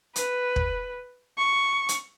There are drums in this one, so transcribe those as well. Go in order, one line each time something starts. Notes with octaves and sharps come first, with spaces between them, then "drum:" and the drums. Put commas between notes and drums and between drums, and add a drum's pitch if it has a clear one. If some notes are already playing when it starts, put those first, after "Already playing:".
B4, drum: hi-hat
drum: kick
C#6
drum: hi-hat